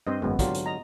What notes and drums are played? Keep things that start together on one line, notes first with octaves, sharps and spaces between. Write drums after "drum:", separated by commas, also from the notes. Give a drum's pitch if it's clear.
G2 C4 C5 D#5
G#1 F#2 G#3 B3
D3 F#3 F4 G4, drum: kick, hi-hat
drum: hi-hat
D#5 A#5